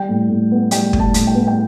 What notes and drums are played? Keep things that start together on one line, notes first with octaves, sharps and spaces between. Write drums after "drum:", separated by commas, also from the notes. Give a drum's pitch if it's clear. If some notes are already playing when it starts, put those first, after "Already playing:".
Already playing: G3 G5
A2
A2
B3
G3 G5, drum: hi-hat
A2, drum: kick
A5
A2, drum: hi-hat
G5
B3
G5